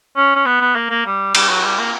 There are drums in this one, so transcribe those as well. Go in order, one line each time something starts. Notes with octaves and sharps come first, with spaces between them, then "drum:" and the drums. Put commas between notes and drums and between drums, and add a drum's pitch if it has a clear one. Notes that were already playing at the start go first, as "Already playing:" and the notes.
C#4
C#4
B3
B3
A#3
A#3
G3
G3, drum: cymbal
F#3
G3
A#3